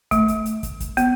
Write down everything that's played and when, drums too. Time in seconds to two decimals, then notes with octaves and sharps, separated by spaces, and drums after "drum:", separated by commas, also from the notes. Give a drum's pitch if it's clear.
0.11 A3, drum: kick, hi-hat
0.28 drum: hi-hat
0.46 drum: hi-hat
0.63 drum: kick, hi-hat
0.80 drum: kick, hi-hat
0.97 B3, drum: hi-hat